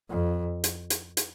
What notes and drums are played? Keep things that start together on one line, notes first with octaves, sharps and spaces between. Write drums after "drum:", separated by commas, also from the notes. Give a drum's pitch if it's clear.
F2
drum: hi-hat
drum: hi-hat
drum: hi-hat